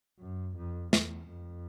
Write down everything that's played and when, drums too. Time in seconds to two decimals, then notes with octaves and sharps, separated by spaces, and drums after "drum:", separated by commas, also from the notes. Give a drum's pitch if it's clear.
0.19 F#2
0.56 F2
0.93 E2, drum: snare
1.30 F2